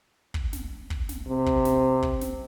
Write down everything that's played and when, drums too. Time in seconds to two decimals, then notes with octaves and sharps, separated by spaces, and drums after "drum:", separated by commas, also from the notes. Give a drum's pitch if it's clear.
0.34 drum: kick
0.53 drum: snare
0.90 drum: kick
1.09 drum: snare
1.28 C3
1.46 drum: kick
1.65 drum: snare
2.02 drum: kick
2.21 drum: snare